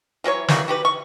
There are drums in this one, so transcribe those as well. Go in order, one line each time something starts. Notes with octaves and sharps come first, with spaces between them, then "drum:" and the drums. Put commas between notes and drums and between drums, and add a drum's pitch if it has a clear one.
E3 F#3 G4 C#5
E3 G3 A#3 F#4, drum: snare
F#4 G4 B4
C#6